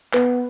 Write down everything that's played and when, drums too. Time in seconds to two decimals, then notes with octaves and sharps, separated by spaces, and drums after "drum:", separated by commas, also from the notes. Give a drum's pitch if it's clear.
0.13 B3 B4, drum: clap